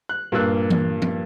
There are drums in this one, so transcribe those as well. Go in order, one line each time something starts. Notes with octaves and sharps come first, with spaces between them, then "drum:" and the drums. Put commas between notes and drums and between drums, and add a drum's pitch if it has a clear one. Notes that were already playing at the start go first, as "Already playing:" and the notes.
F#6
G2 A#2 A#3 E6 F#6
drum: tom E3
drum: tom F3